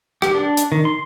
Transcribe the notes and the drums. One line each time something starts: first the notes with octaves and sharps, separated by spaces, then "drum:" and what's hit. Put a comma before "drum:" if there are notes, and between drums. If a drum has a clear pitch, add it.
G4, drum: rim click
D4
drum: hi-hat
D#3
C6